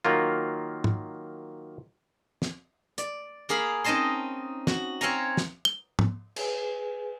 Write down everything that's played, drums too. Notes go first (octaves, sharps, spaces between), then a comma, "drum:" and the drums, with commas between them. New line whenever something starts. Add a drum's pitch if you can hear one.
D#3 F#3 A#3 F4
drum: tom
drum: snare
D5, drum: hi-hat
A#3 G#4 F5 B5
C4 C#4 D#4 D#5 A5 C6
F#4, drum: snare
C4 C#5 F5 G#5 A#5
drum: snare
G7
drum: tom
G#4 B4 G#5, drum: cymbal